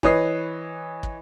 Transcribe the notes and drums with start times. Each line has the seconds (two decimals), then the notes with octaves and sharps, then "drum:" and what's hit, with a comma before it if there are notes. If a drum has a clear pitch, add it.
0.03 E3 B4 C#5 D#5 D#6 C7, drum: kick
1.03 drum: kick